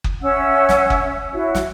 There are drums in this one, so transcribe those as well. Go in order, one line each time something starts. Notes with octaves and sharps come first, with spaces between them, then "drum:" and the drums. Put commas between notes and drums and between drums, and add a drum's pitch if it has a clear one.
drum: kick F#1
C#4 E5 F#5 E6
drum: snare
drum: kick F#1
E4 F#4 C#5 E5
drum: snare